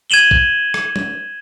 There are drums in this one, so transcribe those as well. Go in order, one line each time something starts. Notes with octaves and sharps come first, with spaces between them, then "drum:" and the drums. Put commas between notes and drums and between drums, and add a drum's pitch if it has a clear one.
G#6 D#7 E7 F#7 G7
drum: kick
drum: rim click
drum: tom